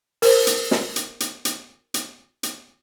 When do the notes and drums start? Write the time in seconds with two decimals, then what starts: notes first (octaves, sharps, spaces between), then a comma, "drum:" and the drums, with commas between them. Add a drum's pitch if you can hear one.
0.22 A#4 C5, drum: open hi-hat
0.47 drum: hi-hat
0.71 drum: snare
0.96 drum: hi-hat
1.20 drum: hi-hat
1.45 drum: hi-hat
1.94 drum: hi-hat
2.43 drum: hi-hat